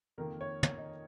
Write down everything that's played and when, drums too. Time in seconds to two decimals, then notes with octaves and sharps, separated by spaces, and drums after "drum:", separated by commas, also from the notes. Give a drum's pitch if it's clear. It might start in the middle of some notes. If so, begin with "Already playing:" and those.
0.18 F2 D#3 A#3 A#4
0.41 C#5
0.63 C#5, drum: tom
0.78 D#5